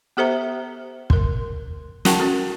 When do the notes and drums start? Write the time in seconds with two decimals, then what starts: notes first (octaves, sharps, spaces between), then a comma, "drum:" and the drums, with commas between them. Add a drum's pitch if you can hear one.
0.17 B3 G4 A4 C5 E5 A#5
1.10 A#4 C6, drum: kick
2.05 F#4 A#4 F#5 G5 A5 C#6, drum: snare
2.19 C#4 F#4 A4